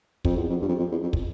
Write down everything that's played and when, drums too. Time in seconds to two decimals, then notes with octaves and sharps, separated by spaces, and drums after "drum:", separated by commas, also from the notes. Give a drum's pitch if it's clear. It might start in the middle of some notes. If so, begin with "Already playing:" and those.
0.25 F2, drum: kick
0.36 E2
0.49 F2
0.61 G2
0.68 F2
0.79 F2
0.91 E2
1.02 F2
1.13 drum: kick